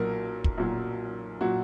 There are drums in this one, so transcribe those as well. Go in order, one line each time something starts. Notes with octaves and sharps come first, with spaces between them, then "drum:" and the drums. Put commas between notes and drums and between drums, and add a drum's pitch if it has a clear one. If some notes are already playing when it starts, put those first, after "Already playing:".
Already playing: B1 A#2 F#3 A#4
drum: kick
B1 A#2 F#3
A#2 F#3 F#4